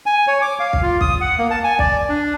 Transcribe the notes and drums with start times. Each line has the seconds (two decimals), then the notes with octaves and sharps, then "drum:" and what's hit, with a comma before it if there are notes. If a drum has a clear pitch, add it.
0.06 G#5
0.27 C#5
0.41 D6
0.59 F5
0.73 drum: kick
0.82 F4
1.01 D#6, drum: kick
1.21 F#5
1.38 A#3
1.51 A5
1.64 G#5
1.79 D5, drum: kick
2.09 D4